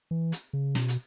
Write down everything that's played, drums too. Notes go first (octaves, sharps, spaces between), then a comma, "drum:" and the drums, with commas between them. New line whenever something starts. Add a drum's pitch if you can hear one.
E3
drum: hi-hat
C#3
B2, drum: snare
drum: hi-hat